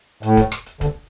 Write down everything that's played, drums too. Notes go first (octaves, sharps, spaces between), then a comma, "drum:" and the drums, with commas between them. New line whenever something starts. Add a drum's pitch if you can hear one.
A2, drum: hi-hat
drum: kick C#1, hi-hat
drum: rim click
drum: hi-hat
D3, drum: kick C#1, hi-hat